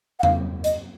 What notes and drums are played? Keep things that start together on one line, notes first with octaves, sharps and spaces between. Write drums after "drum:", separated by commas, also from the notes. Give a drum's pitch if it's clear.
F#5
F5, drum: tom
D#5, drum: hi-hat